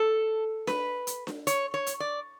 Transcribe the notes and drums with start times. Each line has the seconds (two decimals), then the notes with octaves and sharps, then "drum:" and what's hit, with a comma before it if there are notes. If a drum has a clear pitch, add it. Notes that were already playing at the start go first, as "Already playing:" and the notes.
Already playing: A4
0.67 B4, drum: snare D4
1.07 drum: hi-hat
1.27 drum: snare D4
1.47 C#5, drum: hi-hat
1.74 C#5
1.87 drum: hi-hat
2.00 D5